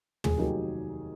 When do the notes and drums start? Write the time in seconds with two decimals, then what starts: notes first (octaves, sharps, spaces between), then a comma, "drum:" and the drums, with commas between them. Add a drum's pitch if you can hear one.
0.24 F1 G#4, drum: tom
0.38 D#2 D#3 F#3 G4